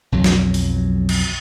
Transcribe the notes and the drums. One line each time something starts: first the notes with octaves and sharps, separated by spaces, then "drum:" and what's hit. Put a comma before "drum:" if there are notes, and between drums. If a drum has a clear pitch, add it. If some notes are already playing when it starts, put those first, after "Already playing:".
B1 F2 F#3
drum: snare
drum: open hi-hat
drum: cymbal